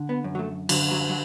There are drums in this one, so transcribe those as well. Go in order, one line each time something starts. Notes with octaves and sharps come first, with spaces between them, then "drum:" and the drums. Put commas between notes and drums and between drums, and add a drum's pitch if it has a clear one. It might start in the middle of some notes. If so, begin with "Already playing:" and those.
Already playing: D3
B3
F#2
F#3
A3
D3 F#3, drum: cymbal
F#3
F#3